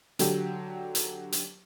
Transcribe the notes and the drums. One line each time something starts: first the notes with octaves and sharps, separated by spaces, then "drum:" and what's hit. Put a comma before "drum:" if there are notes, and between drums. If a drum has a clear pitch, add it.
D3 F#3 G4, drum: hi-hat
drum: hi-hat
drum: hi-hat